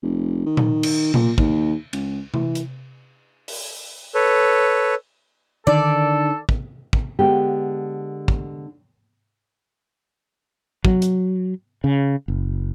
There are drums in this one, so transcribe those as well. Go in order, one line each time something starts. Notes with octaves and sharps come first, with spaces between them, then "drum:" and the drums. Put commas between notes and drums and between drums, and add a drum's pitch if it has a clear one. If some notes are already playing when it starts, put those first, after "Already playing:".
F1
D#3
drum: tom A#2
drum: cymbal
A#2, drum: tom A#2
D#2, drum: kick
C#2, drum: cymbal
E3, drum: tom C3
drum: hi-hat
drum: open hi-hat
A4 B4 C#5
D3 D#3 D4 A4 D5
drum: kick
drum: kick
D3 G#3 B3 G4
drum: kick
F#3, drum: kick
drum: hi-hat
C#3
F#1